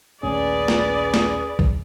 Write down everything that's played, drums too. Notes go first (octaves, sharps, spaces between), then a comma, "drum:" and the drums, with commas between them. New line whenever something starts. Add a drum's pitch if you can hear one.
A#1 D#2 A3 C#4 G#4 B4 D5
drum: snare
drum: snare
drum: kick A#1